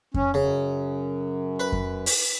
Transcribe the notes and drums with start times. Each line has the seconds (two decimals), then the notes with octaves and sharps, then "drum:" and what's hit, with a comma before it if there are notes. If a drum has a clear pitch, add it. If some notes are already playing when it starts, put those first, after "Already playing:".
0.14 C#4, drum: kick F2
0.34 F#2 C#3
1.60 B4
1.72 drum: kick F2
2.06 drum: open hi-hat